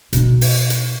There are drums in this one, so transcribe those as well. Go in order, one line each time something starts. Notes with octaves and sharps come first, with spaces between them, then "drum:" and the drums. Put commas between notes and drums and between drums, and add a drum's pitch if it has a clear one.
B2 D#4, drum: hi-hat
drum: open hi-hat
drum: hi-hat